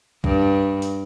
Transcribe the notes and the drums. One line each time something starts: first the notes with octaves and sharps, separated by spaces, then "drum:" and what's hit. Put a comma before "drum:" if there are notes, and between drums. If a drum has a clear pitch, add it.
G2, drum: kick B1
drum: open hi-hat